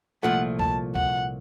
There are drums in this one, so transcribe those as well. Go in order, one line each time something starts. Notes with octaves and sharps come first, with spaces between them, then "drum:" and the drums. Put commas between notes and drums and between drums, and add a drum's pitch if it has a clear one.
C2 A#2 F3 A3 F#5
A5, drum: kick C#2
F#5, drum: kick C#2